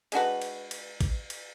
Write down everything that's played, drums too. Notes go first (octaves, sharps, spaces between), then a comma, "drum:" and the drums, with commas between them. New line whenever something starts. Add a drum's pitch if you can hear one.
G#3 D4 F#4 B4, drum: cymbal
drum: cymbal
drum: cymbal
drum: kick A1, cymbal
drum: cymbal